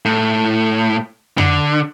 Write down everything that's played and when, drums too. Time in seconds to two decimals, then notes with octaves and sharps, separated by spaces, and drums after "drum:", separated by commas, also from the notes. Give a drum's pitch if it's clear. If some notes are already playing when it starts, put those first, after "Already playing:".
0.05 A2
1.38 D3, drum: tom F2